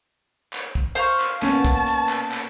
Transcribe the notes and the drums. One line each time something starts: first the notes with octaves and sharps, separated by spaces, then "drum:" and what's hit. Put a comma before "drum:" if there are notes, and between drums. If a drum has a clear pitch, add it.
drum: clap
drum: kick
C5 F5 C#6, drum: hi-hat
drum: clap
A#3 B3 C#4 A5, drum: clap
drum: kick
drum: hi-hat
drum: clap
drum: clap